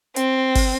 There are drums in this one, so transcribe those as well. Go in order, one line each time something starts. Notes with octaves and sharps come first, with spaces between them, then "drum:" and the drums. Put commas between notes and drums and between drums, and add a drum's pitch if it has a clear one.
C4, drum: hi-hat
drum: kick G1, open hi-hat